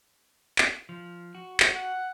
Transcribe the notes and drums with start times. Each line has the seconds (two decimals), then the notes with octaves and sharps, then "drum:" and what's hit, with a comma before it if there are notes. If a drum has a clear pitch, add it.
0.58 drum: clap
0.89 F3
1.35 F#4
1.60 drum: clap
1.75 F#5